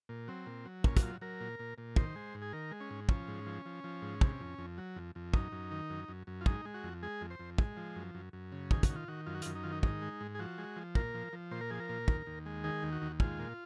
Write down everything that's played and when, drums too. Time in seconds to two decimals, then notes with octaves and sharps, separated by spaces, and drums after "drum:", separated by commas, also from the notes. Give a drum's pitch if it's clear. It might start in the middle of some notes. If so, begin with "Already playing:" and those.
0.09 A#2
0.28 F#3 C4
0.46 A#2
0.65 F#3
0.84 A#2 C#4, drum: kick
0.97 F#4, drum: kick, hi-hat
1.03 F#3 F4
1.21 F#3 A#4
1.40 A#2
1.59 A#2
1.78 A#2
1.96 D#3 C5, drum: kick
2.16 G#3
2.34 G#2
2.42 G#4
2.53 D#3 A#4
2.71 G#3
2.81 C#4
2.91 G#2
3.09 F3 C#4, drum: kick
3.28 G#2
3.46 F3
3.66 F3
3.84 F3
4.02 G#2
4.21 C3, drum: kick
4.40 F2
4.59 F2
4.78 F#3
4.96 F2
5.15 F2
5.34 F#2 D#4, drum: kick
5.52 F#2
5.71 D#3
5.90 F#2
6.08 F#2
6.27 F#2
6.41 F4
6.46 G#3 D#4, drum: kick
6.65 G#3
6.74 F#4
6.84 F2
7.03 G#3 G#4
7.21 F2
7.30 C5
7.39 F2
7.58 G#3, drum: kick
7.77 F3
7.96 F#2
8.15 F#2
8.33 F#2
8.52 C#3
8.71 D#3 G#4, drum: kick
8.83 F#4, drum: kick, hi-hat
8.89 D#3
8.96 F4
9.08 D#3 F#4
9.26 F#2 F4
9.34 F#4
9.42 F#2 F4, drum: hi-hat
9.55 D#4
9.63 D#3 F4
9.72 D#4
9.83 G#2 D#4, drum: kick
10.02 G#3
10.21 G#2
10.35 G#4
10.39 F3 F#4
10.58 G#3
10.76 F3
10.95 A#2 A#4, drum: kick
11.14 F3
11.33 F3
11.51 A#2 C5
11.61 A#4
11.70 F3 G#4
11.80 A#4
11.89 A#2
12.08 D#2, drum: kick
12.26 D#2
12.46 G#3
12.64 D#3 G#4
12.83 D#2
12.92 F#4
13.02 D#2
13.20 G#3 F4, drum: kick
13.39 A#2